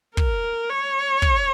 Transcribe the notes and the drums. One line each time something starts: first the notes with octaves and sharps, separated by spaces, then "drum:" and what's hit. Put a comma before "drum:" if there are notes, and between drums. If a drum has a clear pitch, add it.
A#4, drum: kick
C#5
drum: kick